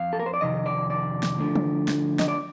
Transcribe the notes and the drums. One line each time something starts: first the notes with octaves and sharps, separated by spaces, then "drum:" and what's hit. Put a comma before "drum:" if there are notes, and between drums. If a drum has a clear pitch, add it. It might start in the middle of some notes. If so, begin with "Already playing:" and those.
Already playing: F2 F5
A4
A#4
C5
D5
F2 C3 D#3 D#5
D5
D5
drum: snare
D2 D3 F3
drum: tom
drum: snare
D#5, drum: snare
D5